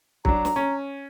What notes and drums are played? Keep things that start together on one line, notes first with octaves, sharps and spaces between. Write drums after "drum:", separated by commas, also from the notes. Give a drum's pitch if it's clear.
F#3 D4 A#5, drum: kick
drum: snare
C#4